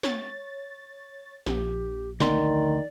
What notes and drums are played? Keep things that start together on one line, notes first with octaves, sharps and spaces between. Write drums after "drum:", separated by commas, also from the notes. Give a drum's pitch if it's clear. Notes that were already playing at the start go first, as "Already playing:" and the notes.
C#5 A6, drum: snare
A#1 G4, drum: snare
D2 D#3 D5 C6, drum: snare